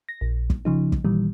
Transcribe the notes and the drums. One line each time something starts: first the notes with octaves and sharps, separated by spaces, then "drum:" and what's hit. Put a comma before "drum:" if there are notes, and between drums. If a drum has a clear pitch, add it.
A#6
A#1
drum: kick
C#3 F3 D#4
drum: kick
A#2 D#3 E3 G3